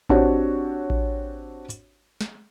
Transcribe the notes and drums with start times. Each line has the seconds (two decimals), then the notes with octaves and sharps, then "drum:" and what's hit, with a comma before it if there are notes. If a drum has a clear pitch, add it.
0.09 C4 D4 F#4 G4 C#5, drum: kick A1
0.90 drum: kick A1
1.70 drum: hi-hat
2.21 drum: snare